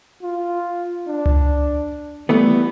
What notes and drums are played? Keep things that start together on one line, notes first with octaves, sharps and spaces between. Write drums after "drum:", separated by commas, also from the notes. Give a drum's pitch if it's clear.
F4
D4
drum: tom C#2
E3 G3 A3 B3